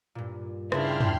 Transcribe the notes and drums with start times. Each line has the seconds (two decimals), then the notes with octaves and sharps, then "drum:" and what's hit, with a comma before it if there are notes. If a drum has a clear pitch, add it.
0.15 G2 A#2
0.72 C#3 D4 E4 G5 C6 F6, drum: rim click
1.00 drum: tom